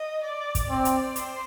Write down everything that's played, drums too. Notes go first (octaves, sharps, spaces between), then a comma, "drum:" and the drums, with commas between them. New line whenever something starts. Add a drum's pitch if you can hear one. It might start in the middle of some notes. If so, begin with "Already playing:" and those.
Already playing: D#5
D5
drum: kick, hi-hat
C4 D5
drum: hi-hat
C5, drum: hi-hat